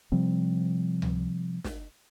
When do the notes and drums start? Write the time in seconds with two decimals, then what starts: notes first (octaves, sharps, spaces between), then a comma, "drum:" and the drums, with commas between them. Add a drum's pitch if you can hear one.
0.12 C3 F3 G3 C4
1.02 drum: tom C#2
1.64 drum: snare